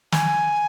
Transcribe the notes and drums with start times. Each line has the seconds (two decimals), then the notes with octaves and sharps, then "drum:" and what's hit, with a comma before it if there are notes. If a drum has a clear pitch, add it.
0.12 G#5, drum: snare